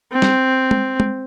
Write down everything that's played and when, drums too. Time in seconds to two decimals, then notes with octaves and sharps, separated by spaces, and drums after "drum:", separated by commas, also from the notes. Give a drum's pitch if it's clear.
0.12 C4
0.22 drum: snare
0.71 drum: tom G#3
1.00 drum: tom G#3